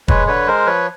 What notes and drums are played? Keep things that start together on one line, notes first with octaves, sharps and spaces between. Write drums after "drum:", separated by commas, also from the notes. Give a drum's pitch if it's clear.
G#3 B4 C#5, drum: kick
D3 B4 C#5
G#3 A#4 C5
F3 B4 C#5